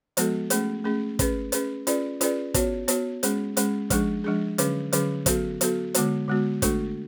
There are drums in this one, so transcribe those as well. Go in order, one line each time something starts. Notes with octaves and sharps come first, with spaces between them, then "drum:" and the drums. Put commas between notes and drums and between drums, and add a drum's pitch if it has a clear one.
F3 G#3 B3 F#4 A4, drum: hi-hat
A3 C#4 G#4, drum: hi-hat
A3 C#4 G#4
C#4 G#4 B4, drum: kick, hi-hat
C#4 G#4 B4, drum: hi-hat
C#4 F4 G#4 B4 D5, drum: hi-hat
C#4 F4 G#4 B4 D5, drum: hi-hat
B3 F#4 C#5, drum: kick, hi-hat
B3 F#4 C#5, drum: hi-hat
G#3 C#4 G#4, drum: hi-hat
G#3 C#4 G#4, drum: hi-hat
F3 G#3 D4 G#4, drum: kick, hi-hat
F3 G#3 D4 G#4
D3 F#3 C#4 G#4 B4, drum: hi-hat
D3 F#3 C#4 G#4 B4, drum: hi-hat
F#3 B3 F#4 A4, drum: kick, hi-hat
F#3 B3 F#4 A4, drum: hi-hat
D3 G#3 B3 F#4, drum: hi-hat
D3 G#3 B3 F#4
A3 D4 F#4 A4, drum: kick, hi-hat